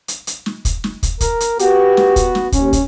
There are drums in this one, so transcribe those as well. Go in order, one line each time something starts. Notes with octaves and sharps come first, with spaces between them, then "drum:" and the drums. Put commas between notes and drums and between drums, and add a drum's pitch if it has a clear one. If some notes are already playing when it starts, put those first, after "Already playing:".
drum: hi-hat
drum: hi-hat
drum: snare
drum: kick, hi-hat
drum: snare
drum: kick, hi-hat
A#4, drum: kick, hi-hat
drum: hi-hat
B3 F#4 G4, drum: hi-hat
drum: snare
drum: kick, hi-hat
drum: snare
D#2 C#4, drum: kick, hi-hat
drum: kick, hi-hat